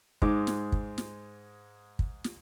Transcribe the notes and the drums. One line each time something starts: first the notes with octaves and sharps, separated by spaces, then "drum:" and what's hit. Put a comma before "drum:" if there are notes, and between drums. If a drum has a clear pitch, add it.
G#2 G#3 D6, drum: kick
drum: snare
drum: kick
drum: snare
drum: kick
drum: snare